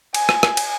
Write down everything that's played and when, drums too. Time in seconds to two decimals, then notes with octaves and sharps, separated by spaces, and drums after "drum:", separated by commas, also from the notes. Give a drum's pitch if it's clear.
0.14 G#5, drum: cymbal
0.29 drum: rim click
0.43 drum: rim click
0.57 drum: cymbal